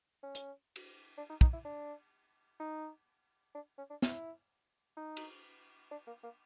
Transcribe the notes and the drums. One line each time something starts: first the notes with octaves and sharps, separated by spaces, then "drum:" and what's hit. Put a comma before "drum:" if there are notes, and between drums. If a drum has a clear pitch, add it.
C#4
drum: hi-hat
drum: cymbal
D4
D#4
D#4, drum: kick
E4
D4
D#4
D4
C#4
D4
E4, drum: snare
D#4
drum: cymbal
D4
A#3
A#3